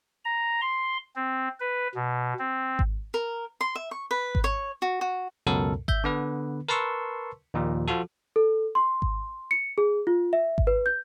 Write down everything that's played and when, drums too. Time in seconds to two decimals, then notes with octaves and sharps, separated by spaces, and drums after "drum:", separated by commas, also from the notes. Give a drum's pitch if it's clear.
0.25 A#5
0.61 C6
1.16 C4
1.60 B4
1.95 B2
2.39 C4
2.79 drum: kick G#1
3.14 A#4
3.61 C6
3.75 E5
3.91 C#6
4.11 B4
4.35 drum: kick G#1
4.44 C#5
4.82 F#4
5.01 F#4
5.47 C#2 F#2 B2 A4 A#4
5.88 E5 G6, drum: kick G#1
6.04 D3 B3 B4
6.68 A#4 B4 A5 C6 C#6 E6
7.54 D#2 A#2 F3
7.88 F3 F4 F#4 A4
8.36 A4
8.75 C6
9.02 drum: kick G#1
9.51 C#7
9.78 G#4
10.07 F4
10.33 E5
10.58 drum: kick G#1
10.67 B4
10.86 G6